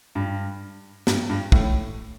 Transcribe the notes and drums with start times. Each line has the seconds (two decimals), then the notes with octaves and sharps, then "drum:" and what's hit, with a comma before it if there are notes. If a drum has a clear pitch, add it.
0.15 G2
1.07 G2, drum: snare
1.29 G2
1.52 A2, drum: kick